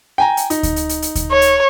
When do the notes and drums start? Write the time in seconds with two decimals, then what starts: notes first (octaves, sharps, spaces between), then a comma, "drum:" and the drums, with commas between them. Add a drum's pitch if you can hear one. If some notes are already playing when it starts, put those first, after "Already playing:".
0.18 G5 G#5 A#5
0.37 drum: hi-hat
0.50 D#4, drum: hi-hat
0.63 drum: kick D2, hi-hat
0.76 drum: hi-hat
0.89 drum: hi-hat
1.02 drum: hi-hat
1.15 drum: kick D2, hi-hat
1.32 C#5
1.42 drum: hi-hat